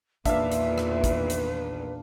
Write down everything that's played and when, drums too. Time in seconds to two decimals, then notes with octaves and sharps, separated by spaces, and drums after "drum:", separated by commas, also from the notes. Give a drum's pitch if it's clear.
0.25 E2 A#2 D#3 D4 B4 E5 F5, drum: kick, hi-hat
0.52 drum: hi-hat
0.78 drum: rim click
1.04 drum: kick, hi-hat
1.30 drum: hi-hat